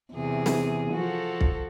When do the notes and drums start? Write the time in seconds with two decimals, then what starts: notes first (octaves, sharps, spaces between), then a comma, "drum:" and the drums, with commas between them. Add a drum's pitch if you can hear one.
0.12 E2 C3 G#4
0.46 drum: snare
0.93 F3 F#4 A4
1.41 drum: kick B1